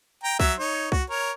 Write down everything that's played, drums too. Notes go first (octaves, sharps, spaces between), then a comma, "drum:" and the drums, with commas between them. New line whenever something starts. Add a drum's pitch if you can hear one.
G5 A#5
F#3 E5, drum: kick C2
D#4 C#5
F#4, drum: kick C2
A#4 C#5